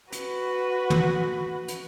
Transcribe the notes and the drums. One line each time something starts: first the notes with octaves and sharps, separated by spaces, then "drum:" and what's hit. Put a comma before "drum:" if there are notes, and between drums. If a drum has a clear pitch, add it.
F#4 B4, drum: hi-hat
drum: tom
drum: hi-hat